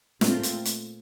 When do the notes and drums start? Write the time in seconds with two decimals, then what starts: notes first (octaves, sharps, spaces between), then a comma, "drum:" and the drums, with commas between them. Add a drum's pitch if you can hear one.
0.21 A#2 A3 C4 F4, drum: snare
0.43 drum: hi-hat
0.65 drum: hi-hat